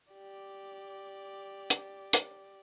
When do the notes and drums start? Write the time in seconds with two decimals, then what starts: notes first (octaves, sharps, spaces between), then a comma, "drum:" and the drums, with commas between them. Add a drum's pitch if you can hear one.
0.12 G4 D5
1.70 drum: hi-hat
2.13 drum: hi-hat